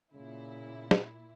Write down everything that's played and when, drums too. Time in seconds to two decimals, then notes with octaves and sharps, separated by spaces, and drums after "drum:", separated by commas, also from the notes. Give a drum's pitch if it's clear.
0.14 A#2 C#3 E4
0.91 drum: snare